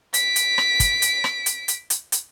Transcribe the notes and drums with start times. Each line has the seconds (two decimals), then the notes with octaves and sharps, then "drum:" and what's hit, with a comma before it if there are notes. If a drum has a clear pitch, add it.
0.14 B6 D7, drum: hi-hat
0.36 drum: hi-hat
0.58 drum: rim click
0.80 drum: kick, hi-hat
1.02 drum: hi-hat
1.24 drum: rim click
1.46 drum: hi-hat
1.68 drum: hi-hat
1.90 drum: hi-hat
2.12 drum: hi-hat